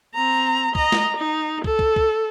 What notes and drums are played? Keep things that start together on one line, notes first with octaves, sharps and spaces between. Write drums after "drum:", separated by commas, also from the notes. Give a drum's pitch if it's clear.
C4 A#5
D#5 A#5, drum: kick
drum: snare
D#4
A4, drum: kick
drum: kick
drum: kick